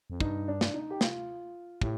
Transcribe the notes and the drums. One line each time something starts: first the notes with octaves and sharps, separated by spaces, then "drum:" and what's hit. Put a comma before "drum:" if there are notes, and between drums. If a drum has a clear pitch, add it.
F2
G2 D#4, drum: kick
D4
drum: snare
D#4
G4
F4, drum: snare
A2 G4, drum: kick